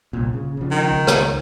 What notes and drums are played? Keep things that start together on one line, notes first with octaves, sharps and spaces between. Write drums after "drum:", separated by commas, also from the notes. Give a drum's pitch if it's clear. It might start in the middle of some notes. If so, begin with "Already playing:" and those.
C2 A#2
C#3
C#3 F3
D#3
C#2
drum: rim click